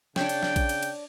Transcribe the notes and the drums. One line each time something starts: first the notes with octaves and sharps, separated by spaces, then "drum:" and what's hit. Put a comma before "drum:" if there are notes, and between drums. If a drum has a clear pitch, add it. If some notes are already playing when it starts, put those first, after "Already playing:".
C#3 D4 C#5 G5, drum: snare
drum: cymbal
drum: snare
drum: kick A#1, cymbal
drum: cymbal
drum: cymbal